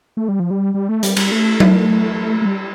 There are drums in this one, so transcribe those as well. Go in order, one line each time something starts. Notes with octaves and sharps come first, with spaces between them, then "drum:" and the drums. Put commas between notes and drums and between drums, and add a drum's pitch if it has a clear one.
A3
G3
F3
G3
G3
A3
G3, drum: hi-hat
G3, drum: cymbal
A3
drum: tom F#3
A3
G3